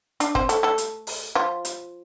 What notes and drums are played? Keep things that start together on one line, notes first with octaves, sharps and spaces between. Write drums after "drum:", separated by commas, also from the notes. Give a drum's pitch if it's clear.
D4 D5, drum: hi-hat
C4 C5, drum: kick
A3 A4, drum: hi-hat
A3 A4
drum: hi-hat
drum: open hi-hat
F3 F4
drum: hi-hat